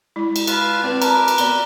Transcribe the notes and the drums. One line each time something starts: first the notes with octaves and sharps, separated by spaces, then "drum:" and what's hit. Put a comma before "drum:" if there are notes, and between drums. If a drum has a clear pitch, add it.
G#3 E4
drum: cymbal
F4 B4 A5, drum: cymbal
C4 B4 D5 A5
A#4 B4 A5 A#5 D6, drum: cymbal
drum: cymbal
B3 D5 G7, drum: cymbal